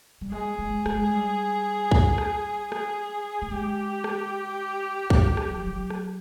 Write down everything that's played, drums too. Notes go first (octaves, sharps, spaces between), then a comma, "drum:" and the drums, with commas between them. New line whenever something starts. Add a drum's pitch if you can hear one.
G3
G#3 G#4
G#3
G#3, drum: rim click
G3
drum: kick
drum: rim click
G#4, drum: rim click
A3
G#3 G4
drum: rim click
G3, drum: kick
drum: rim click
F#3
F3
F#3
drum: rim click